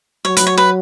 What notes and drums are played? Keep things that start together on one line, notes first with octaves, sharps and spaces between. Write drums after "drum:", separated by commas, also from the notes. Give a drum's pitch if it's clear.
F#3 C#5
B4, drum: hi-hat
C#5
B4